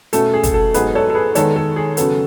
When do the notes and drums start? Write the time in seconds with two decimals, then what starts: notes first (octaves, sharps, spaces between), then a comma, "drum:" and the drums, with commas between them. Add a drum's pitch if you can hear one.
0.13 B2 A3 C#4 A4, drum: hi-hat
0.34 G#4
0.43 drum: kick, hi-hat
0.54 A4
0.74 G#2 F#3 B3 D#4 G#4 B4, drum: hi-hat
0.95 A4 C#5
1.10 A4
1.15 G#4 B4
1.35 D#3 G#3 B3 A4 C#5, drum: hi-hat
1.56 A4
1.76 G#4
1.97 C#3 F#3 B3 A4, drum: hi-hat